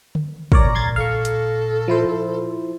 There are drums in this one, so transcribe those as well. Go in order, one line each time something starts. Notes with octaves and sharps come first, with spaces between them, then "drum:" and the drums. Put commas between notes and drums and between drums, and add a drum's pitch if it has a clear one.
drum: tom D3
A#2 A#4 C#5 D5 A#5, drum: kick
C6 G#6 A6
A4 F5 C#6
drum: hi-hat
F3 E4 C5